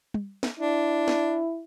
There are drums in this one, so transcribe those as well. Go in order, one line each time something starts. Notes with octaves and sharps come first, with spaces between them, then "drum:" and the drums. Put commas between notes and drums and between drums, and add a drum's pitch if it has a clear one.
drum: tom
drum: snare
D4 E4
drum: snare